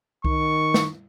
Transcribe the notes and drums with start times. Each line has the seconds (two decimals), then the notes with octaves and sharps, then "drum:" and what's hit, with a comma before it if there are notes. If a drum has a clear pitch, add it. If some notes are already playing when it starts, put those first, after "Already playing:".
0.25 D#3 C#6, drum: kick C2
0.74 drum: snare